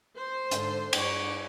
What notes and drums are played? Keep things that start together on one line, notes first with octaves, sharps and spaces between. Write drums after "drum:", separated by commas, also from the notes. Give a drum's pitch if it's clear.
C5
G#2 D3, drum: hi-hat
G2 C#5 D6, drum: cymbal